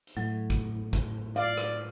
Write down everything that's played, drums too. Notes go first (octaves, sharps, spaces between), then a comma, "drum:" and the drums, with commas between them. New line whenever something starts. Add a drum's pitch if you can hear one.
drum: hi-hat
A2 F#3
drum: kick, hi-hat
drum: kick, hi-hat
D5 F5, drum: hi-hat
drum: rim click